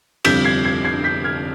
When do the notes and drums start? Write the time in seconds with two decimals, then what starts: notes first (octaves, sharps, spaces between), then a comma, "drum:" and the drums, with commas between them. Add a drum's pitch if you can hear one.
0.25 G1 F2 C3 G3 G6 B6, drum: cymbal
0.44 G#6 C7
0.65 G#6 C7
0.85 G#6 C7
1.04 G6 B6
1.24 F6 G#6